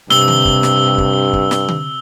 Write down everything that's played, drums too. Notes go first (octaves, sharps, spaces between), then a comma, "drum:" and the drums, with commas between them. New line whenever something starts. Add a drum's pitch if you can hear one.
G2 C3 E6 G7, drum: snare
drum: tom D3
drum: kick
drum: snare
drum: kick
drum: kick
drum: snare
drum: tom D3